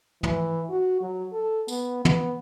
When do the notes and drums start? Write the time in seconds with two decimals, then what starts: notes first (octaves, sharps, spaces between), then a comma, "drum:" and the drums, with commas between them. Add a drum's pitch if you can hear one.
0.23 E3, drum: tom
0.69 F#4
1.01 F#3
1.33 A4
1.68 B3, drum: tambourine
2.05 B3, drum: tom